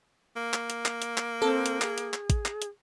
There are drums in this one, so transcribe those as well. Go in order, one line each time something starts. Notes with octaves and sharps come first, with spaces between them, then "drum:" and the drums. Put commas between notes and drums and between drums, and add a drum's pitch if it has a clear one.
A#3
drum: clap
drum: hi-hat
drum: clap
drum: hi-hat
drum: clap
C4 A4
drum: hi-hat
G#4, drum: clap
drum: hi-hat
drum: clap
drum: kick, hi-hat
drum: clap
drum: hi-hat